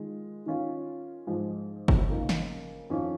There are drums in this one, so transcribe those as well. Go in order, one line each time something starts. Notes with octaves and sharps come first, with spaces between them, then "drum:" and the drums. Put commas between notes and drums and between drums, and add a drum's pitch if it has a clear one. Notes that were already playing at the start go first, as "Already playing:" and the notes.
Already playing: D#3 G#3 F4
D#3 C#4 F4
G#2 F3 G#3
drum: kick G1
C#3 F3 A#3 D#4
drum: snare
F2 D#3 C#4 F4